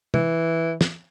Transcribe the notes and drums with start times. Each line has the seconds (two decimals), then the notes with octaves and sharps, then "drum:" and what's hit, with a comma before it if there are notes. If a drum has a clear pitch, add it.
0.14 E3, drum: tom
0.81 drum: snare